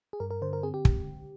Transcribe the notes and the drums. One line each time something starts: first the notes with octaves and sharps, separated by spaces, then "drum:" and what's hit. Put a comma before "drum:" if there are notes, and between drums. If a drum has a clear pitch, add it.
G#4
G2 A#4
A#4
D3 C5
A#4
C4 G#4
G4
drum: kick